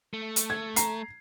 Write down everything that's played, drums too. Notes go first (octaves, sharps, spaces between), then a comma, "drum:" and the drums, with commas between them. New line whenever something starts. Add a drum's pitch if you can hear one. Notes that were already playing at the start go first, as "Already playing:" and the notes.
A3
drum: hi-hat
G#6
A#5 C7, drum: hi-hat